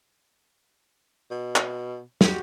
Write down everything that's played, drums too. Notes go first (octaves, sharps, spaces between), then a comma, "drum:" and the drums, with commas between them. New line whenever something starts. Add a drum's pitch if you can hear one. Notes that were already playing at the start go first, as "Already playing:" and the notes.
B2
drum: clap
G#3 F#4 G4, drum: snare